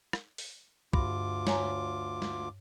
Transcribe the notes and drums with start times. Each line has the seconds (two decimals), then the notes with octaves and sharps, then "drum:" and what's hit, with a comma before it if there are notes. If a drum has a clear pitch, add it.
0.13 drum: rim click
0.38 drum: open hi-hat
0.93 D2 G2 F4 D6, drum: kick
1.47 C#5 G#5 A#5, drum: snare
2.22 drum: snare